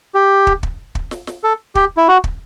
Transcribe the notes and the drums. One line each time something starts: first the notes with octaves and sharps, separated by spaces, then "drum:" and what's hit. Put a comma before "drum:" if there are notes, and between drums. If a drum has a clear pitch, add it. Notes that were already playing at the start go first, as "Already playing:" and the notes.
G4
drum: kick
drum: kick
drum: kick
drum: snare
drum: snare
A4
G4, drum: kick
E4
F#4
drum: kick